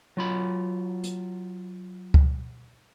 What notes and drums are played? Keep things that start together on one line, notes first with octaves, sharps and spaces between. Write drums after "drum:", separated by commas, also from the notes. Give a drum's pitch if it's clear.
F#3 F4 B5
drum: hi-hat
drum: kick C#2